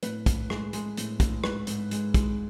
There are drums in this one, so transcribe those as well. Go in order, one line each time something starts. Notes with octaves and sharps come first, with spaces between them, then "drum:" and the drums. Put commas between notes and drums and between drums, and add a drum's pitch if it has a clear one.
A2 B4, drum: hi-hat
A2, drum: kick, hi-hat
G#3, drum: rim click
G#3, drum: hi-hat
A2, drum: hi-hat
A2, drum: kick, hi-hat
G#2 B4, drum: rim click
G#2, drum: hi-hat
G#3, drum: hi-hat
G#3, drum: kick, hi-hat